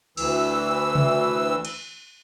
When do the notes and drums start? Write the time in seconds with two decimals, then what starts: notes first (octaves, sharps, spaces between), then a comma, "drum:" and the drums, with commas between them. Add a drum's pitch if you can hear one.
0.17 D2 E3 E6, drum: cymbal
0.95 drum: tom C3
1.65 drum: cymbal